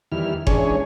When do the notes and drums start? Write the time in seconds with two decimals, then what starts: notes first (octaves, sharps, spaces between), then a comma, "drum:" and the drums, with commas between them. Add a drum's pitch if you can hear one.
0.12 E2 D#3 G3 E4 F6
0.47 E3 G#3 C#4 D4 G#4 C#5, drum: kick F#1